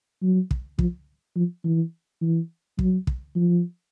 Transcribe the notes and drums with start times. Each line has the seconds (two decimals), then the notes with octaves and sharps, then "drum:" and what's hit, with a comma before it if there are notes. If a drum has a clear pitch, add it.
0.22 F#3
0.51 drum: kick
0.79 F3, drum: kick
1.36 F3
1.64 E3
2.22 E3
2.79 F#3, drum: kick
3.07 drum: kick
3.36 F3